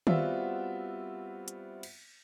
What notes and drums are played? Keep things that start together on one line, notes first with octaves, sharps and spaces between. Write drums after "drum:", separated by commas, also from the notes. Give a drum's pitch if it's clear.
G3 B3 C4 F4 F#4 E5, drum: tom D#3
drum: hi-hat
drum: cymbal